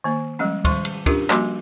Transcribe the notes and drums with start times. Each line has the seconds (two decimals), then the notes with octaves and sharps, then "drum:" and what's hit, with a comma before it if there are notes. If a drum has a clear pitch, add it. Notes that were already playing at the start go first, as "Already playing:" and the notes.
0.04 D#3 A#3
0.39 F3 G3 G#3 C#4
0.65 D#3 G3 C6, drum: kick, cymbal
0.85 drum: cymbal
1.06 C#4 D4 F4 G4 A#4, drum: kick, cymbal
1.30 F3 G3 A#3 F#4 C6 D6, drum: clap